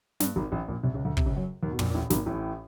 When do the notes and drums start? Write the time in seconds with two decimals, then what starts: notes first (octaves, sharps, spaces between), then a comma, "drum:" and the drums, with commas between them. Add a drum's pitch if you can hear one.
0.20 G2, drum: snare
0.36 G#1 G#2
0.52 A1 A2
0.68 A#1 A#2
0.83 C2 C3
0.94 C#2 C#3
1.05 D2 D3
1.17 C3, drum: kick
1.26 C#2 C#3
1.36 F#2 F#3
1.63 D#2 D#3
1.71 B2
1.79 A#1 A#2, drum: tom
1.90 A#2
1.94 A1 A2
2.10 G#1 G#2, drum: snare
2.26 A1 A2